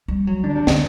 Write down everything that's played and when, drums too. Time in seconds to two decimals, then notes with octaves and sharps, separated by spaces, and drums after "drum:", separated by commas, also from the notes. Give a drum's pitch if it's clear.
0.08 G3
0.27 F#3
0.43 D3 D4
0.55 C3
0.67 D3, drum: snare